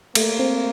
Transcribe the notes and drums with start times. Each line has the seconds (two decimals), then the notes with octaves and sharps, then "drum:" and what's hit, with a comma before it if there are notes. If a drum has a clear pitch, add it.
0.15 A3 A#3, drum: cymbal
0.39 C4